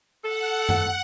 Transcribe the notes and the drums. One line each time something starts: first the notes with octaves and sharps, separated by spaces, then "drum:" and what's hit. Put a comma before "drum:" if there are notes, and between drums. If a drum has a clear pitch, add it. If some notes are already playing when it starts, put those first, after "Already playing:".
A4 F#5
drum: tom F#2